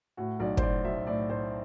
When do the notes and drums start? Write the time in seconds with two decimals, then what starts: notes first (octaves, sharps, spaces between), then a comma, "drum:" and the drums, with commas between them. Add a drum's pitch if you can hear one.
0.17 A2 F#4
0.40 B1 D5
0.57 C5, drum: kick
0.62 A2 D5
0.85 B1 E5
1.07 A2 D5
1.29 A2 C5